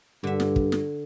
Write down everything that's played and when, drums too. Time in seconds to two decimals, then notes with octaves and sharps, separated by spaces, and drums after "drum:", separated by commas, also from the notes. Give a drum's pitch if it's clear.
0.23 G2 D3 E5
0.40 drum: snare
0.56 drum: kick
0.72 drum: snare